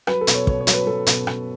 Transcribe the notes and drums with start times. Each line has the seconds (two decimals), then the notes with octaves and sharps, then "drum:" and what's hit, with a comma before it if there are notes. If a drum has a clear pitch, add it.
0.07 F#3 B4, drum: rim click
0.21 A4
0.27 B2, drum: hi-hat
0.34 C#5
0.47 B2 C#5, drum: kick
0.61 C#5
0.67 F#3, drum: hi-hat
0.73 B4
0.87 F#3 A4
1.07 B2, drum: hi-hat
1.27 B2, drum: rim click